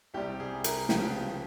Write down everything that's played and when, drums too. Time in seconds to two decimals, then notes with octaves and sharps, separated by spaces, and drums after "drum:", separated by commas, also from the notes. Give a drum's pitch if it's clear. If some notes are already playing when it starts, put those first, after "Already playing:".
0.14 C2 C3 G3 G4
0.40 G#4
0.64 A#4, drum: hi-hat
0.89 C#2 C#3 F3 G4, drum: snare